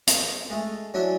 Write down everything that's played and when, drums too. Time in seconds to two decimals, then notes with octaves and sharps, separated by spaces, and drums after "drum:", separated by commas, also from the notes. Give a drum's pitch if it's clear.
0.07 D#5, drum: hi-hat
0.50 G#3 A3
0.94 F#3 C#4 D4 E4